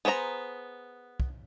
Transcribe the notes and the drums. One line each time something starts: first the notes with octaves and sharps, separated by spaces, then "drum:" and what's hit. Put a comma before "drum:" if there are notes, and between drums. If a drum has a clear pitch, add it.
B3 G#4 C5 D5 A#5
drum: kick